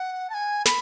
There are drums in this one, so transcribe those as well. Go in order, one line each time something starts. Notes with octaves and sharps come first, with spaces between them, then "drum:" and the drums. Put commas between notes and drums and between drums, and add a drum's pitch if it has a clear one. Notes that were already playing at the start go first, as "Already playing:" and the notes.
Already playing: F#5
A5
G#5
B5, drum: snare